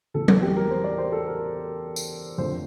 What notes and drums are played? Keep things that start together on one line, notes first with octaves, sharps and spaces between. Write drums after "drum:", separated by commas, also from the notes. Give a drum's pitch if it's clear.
E2 E3 A3 A4
A4, drum: tom F#3
G4
A#4
C5
D5
C5
A4
A#4
drum: tambourine
F2 D3 F3 A3 C5